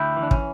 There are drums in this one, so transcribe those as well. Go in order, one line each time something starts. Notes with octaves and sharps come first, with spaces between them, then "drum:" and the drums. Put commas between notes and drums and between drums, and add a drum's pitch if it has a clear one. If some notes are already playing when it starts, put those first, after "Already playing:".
Already playing: D2 E4 G4
E3
D4
C#4, drum: kick